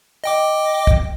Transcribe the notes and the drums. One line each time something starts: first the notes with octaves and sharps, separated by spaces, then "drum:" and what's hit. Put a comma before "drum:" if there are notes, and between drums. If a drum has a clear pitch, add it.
D#5 G5 D6
drum: kick